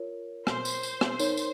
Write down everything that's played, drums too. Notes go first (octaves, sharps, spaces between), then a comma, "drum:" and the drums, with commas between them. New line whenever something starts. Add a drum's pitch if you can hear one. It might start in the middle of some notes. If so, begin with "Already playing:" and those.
Already playing: F4 A#4 C#5
C5, drum: rim click
drum: tambourine
drum: tambourine
drum: rim click
D#4 A#4 C#5, drum: tambourine
drum: tambourine